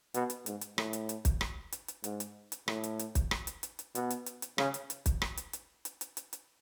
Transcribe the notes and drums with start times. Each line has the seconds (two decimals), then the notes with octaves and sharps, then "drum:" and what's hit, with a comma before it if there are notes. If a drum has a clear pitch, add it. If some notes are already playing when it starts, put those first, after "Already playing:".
0.14 B2, drum: hi-hat
0.30 drum: hi-hat
0.46 G#2, drum: hi-hat
0.61 drum: hi-hat
0.78 A2, drum: rim click
0.93 drum: hi-hat
1.09 drum: hi-hat
1.25 drum: kick, hi-hat
1.41 drum: rim click
1.72 drum: hi-hat
1.88 drum: hi-hat
2.04 G#2, drum: hi-hat
2.20 drum: hi-hat
2.52 drum: hi-hat
2.68 A2, drum: rim click
2.84 drum: hi-hat
2.99 drum: hi-hat
3.15 drum: kick, hi-hat
3.31 drum: rim click
3.47 drum: hi-hat
3.63 drum: hi-hat
3.79 drum: hi-hat
3.95 B2, drum: hi-hat
4.10 drum: hi-hat
4.26 drum: hi-hat
4.42 drum: hi-hat
4.58 C#3, drum: rim click
4.74 drum: hi-hat
4.90 drum: hi-hat
5.06 drum: kick, hi-hat
5.22 drum: rim click
5.37 drum: hi-hat
5.53 drum: hi-hat
5.85 drum: hi-hat
6.01 drum: hi-hat
6.17 drum: hi-hat
6.33 drum: hi-hat